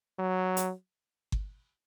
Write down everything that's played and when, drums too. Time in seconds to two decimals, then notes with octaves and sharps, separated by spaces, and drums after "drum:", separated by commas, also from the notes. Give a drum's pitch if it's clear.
0.19 F#3
0.57 drum: hi-hat
1.32 drum: kick G1